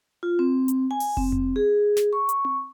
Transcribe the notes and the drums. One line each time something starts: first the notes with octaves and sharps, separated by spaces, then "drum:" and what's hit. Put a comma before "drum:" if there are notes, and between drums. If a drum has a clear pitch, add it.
F4
C4
drum: hi-hat
G#5
drum: open hi-hat
C4, drum: kick F1
drum: tom F2
G#4
drum: snare
C#6
drum: hi-hat
drum: tom C4